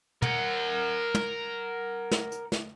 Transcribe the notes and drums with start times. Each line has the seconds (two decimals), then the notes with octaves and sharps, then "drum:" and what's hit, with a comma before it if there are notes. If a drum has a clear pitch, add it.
0.22 A#4 F#5, drum: tom
1.15 drum: tom
2.11 drum: snare
2.32 drum: hi-hat
2.52 drum: snare